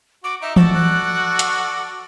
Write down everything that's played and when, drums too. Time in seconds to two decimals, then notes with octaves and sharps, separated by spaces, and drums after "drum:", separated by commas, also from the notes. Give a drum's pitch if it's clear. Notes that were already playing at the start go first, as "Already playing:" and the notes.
0.24 F#4 D6
0.42 D#4 E5
0.56 F#4 A4 D5 A5, drum: tom E3
0.74 F#6
1.39 drum: hi-hat